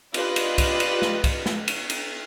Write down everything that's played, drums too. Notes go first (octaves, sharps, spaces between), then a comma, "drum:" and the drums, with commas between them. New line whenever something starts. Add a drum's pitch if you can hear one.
F4 G4 B4 D5 D#5, drum: cymbal
drum: cymbal
drum: kick C2, cymbal
drum: cymbal
drum: snare
drum: kick C2, cymbal
drum: snare
drum: cymbal
drum: cymbal